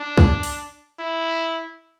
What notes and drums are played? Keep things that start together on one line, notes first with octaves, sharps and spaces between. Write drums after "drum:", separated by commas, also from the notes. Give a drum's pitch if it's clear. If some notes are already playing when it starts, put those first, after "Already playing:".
Already playing: D4
drum: kick
drum: open hi-hat
E4